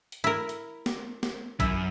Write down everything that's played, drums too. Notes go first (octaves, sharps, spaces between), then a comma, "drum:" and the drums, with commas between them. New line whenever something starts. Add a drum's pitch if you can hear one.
drum: hi-hat
E4 A#4
drum: hi-hat
drum: snare
drum: snare
F#2 E4, drum: kick, hi-hat